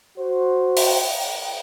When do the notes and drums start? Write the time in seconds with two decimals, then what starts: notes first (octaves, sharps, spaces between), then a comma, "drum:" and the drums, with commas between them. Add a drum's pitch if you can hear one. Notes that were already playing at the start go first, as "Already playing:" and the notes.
0.18 F#4 C5
0.77 drum: open hi-hat